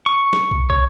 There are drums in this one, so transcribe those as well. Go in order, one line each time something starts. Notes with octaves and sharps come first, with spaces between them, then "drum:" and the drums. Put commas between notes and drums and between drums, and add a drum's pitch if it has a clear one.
C#6
drum: snare
drum: kick
C#5, drum: kick